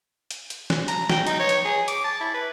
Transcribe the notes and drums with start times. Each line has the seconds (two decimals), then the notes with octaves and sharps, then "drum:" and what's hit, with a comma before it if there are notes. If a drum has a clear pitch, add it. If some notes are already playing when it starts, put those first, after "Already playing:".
0.31 drum: hi-hat
0.50 drum: hi-hat
0.70 drum: snare
0.88 A#5, drum: hi-hat
1.10 G5, drum: snare
1.27 D#4, drum: hi-hat
1.39 C#5
1.49 drum: hi-hat
1.65 G#4
1.88 D6, drum: hi-hat
2.04 A5
2.20 E4
2.34 B4